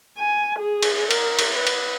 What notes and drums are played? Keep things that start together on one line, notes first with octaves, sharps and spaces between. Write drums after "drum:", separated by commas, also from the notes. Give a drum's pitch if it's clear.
G#5
G#4
drum: cymbal
A#4, drum: cymbal
drum: cymbal
B4
drum: cymbal